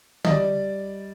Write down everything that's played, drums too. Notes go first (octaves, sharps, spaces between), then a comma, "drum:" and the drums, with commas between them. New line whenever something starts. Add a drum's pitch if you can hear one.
D#5, drum: tom D3
G3 D5